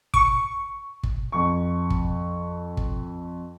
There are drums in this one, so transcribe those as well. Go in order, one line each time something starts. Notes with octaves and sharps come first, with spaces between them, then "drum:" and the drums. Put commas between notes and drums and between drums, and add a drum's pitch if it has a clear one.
C#6, drum: kick
drum: kick
F2 C#6
drum: kick
drum: kick